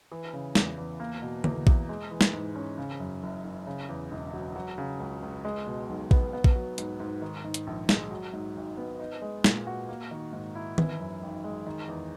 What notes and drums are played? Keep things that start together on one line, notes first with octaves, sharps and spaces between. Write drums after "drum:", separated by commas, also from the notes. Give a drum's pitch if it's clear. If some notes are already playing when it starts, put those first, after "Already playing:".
E3
C#3
E2, drum: snare
E2
A#3
B2
E2, drum: tom D3
E2, drum: kick A#1
G#3
E3
drum: snare
G#2
C#4
C#3
F#2
F#1
F#1
C#3
E2
E1
F#3
F#3
C#3
C#2
C#2
G#3
B2
B1
B3, drum: kick A#1
B3
drum: kick A#1
F#3
G#2, drum: hi-hat
G#2
D#3
G#2
drum: hi-hat
A#1
G#3, drum: snare
F#3
G#2
G#1
B3
D#4
G#3
A#2, drum: snare
F#4
A#3
D#3
G#2
E4
E3, drum: tom D#3
F#2
G#1
G#3
D#3
E2